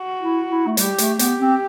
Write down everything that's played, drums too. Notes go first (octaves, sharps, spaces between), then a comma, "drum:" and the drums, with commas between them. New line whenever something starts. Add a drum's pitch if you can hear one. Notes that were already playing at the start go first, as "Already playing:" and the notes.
Already playing: F#4
E4
E4
A3
G3 G4, drum: hi-hat
A3, drum: hi-hat
B3 G4, drum: hi-hat
C4